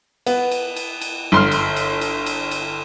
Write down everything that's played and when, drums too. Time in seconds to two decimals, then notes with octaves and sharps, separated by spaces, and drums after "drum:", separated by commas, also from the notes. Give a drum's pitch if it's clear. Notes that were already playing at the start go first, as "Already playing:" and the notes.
0.26 B3, drum: cymbal
0.51 drum: cymbal
0.76 drum: cymbal
1.01 drum: cymbal
1.32 G1 C6 F6
1.51 drum: cymbal
1.76 drum: cymbal
2.01 drum: cymbal
2.26 drum: cymbal
2.51 drum: cymbal